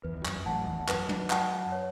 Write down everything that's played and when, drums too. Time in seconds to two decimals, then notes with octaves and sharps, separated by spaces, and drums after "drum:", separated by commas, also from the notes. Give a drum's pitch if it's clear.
0.03 E2 B4
0.17 E2
0.25 F#2, drum: clap
0.38 F#2
0.46 A1 A2 F#5 A5
0.61 F#2
0.67 E2
0.80 E2
0.88 F#2 B4, drum: clap
1.09 drum: tom
1.30 F#5 A5, drum: clap
1.72 C#5